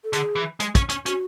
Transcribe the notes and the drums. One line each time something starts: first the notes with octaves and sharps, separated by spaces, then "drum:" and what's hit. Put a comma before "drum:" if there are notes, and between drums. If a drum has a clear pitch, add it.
A4
D3 G#4, drum: hi-hat
E3
G#3, drum: hi-hat
C#4, drum: kick, hi-hat
C#4, drum: hi-hat
C#4 F#4, drum: hi-hat